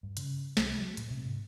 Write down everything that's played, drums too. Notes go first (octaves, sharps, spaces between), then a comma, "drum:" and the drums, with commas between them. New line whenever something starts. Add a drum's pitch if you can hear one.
G2
C#3, drum: hi-hat
C2, drum: snare
F#3
A#2, drum: hi-hat
C3
G#2